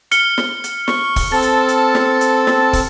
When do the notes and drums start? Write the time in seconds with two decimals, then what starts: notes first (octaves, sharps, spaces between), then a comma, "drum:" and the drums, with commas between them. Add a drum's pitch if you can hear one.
0.11 F6 C#7 G7, drum: hi-hat
0.38 drum: snare
0.64 drum: hi-hat
0.88 C#6, drum: snare
1.16 drum: kick, open hi-hat
1.32 C4 A4 A5 A6
1.42 drum: hi-hat
1.69 drum: hi-hat
1.95 drum: snare
2.21 drum: hi-hat
2.47 drum: snare
2.73 drum: kick, open hi-hat